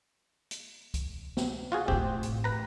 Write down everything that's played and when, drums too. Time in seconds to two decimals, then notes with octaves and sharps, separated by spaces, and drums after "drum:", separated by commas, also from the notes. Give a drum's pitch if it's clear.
0.51 drum: hi-hat
0.94 drum: kick, hi-hat
1.37 drum: snare
1.72 F4 F#4 G#4
1.88 A1 A2 C4 G4
2.23 drum: hi-hat
2.44 B4 A#5